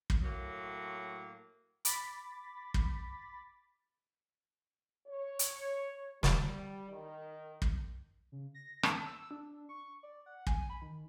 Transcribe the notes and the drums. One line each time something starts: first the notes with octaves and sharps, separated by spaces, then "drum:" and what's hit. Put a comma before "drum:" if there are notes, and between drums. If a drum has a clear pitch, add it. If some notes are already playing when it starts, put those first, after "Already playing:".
drum: kick
A2 F#3 A#3
B5 D6 A6 B6, drum: hi-hat
drum: kick
C#5
drum: hi-hat
G3, drum: snare
D#3
drum: kick
C#3
A#6
A5, drum: rim click
E6
D4
C#6
D5
F#5
G#5, drum: kick
B5
D#3